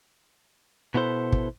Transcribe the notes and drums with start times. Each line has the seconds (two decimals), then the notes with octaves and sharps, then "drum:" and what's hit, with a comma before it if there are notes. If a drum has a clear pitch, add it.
0.94 B2 B3 E4 A4 C5
1.32 drum: kick